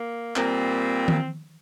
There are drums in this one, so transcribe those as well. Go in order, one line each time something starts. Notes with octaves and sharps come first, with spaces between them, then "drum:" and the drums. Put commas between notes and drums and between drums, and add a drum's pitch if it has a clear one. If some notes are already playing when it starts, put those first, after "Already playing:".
Already playing: A#3
A#2 G3 A#3 C4, drum: clap
drum: tom D#3